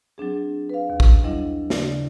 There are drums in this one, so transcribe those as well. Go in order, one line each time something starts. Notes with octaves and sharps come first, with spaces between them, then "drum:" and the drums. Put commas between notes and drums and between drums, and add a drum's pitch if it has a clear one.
F#3 C4 D4 G#4
B4 F5
D#2
drum: kick A1
F#3 G3 D4 E4 D#5
C#3 D5, drum: snare